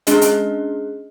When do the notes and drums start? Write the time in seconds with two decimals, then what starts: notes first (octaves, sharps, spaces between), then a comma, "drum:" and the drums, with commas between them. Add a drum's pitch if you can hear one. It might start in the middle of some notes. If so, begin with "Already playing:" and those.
0.07 G#3 C#4 D4 G#4 D#5, drum: hi-hat
0.21 drum: hi-hat